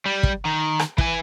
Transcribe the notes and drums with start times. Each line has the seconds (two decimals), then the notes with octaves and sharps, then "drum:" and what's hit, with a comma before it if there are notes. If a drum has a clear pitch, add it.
0.06 G3
0.23 drum: kick
0.45 D#3
0.79 drum: rim click
0.98 E3 G#5, drum: kick